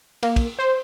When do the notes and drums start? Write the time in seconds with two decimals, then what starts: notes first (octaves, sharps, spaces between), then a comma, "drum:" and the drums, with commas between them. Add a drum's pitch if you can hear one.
0.23 A#3, drum: cymbal
0.36 drum: kick, cymbal
0.59 C5